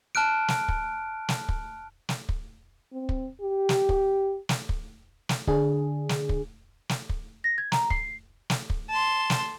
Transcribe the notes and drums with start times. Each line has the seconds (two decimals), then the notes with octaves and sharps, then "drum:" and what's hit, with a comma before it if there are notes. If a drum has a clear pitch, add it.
0.15 A5 F6 F#6 D7
0.48 drum: snare
0.68 drum: kick
1.29 drum: snare
1.49 drum: kick
2.09 drum: snare
2.29 drum: kick
2.93 C4
3.09 drum: kick
3.41 G4
3.69 drum: snare
3.89 drum: kick
4.49 drum: snare
4.69 drum: kick
5.29 drum: snare
5.47 D3 D4 G#4, drum: kick
6.09 drum: snare
6.29 drum: kick
6.89 drum: snare
7.09 drum: kick
7.44 A#6
7.58 G#6
7.72 A#5, drum: snare
7.90 C7, drum: kick
8.50 drum: snare
8.70 drum: kick
8.90 A5 C6
9.30 drum: snare